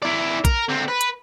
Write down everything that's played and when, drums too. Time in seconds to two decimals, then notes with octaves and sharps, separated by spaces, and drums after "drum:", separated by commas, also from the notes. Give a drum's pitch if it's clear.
0.02 E4 D5
0.45 A#4, drum: kick A#1, hi-hat
0.69 D3 C4
0.88 B4
1.01 drum: hi-hat